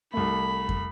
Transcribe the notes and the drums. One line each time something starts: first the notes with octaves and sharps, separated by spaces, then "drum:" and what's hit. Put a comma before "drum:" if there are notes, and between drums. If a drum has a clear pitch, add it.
C2 A3 B5
drum: kick F2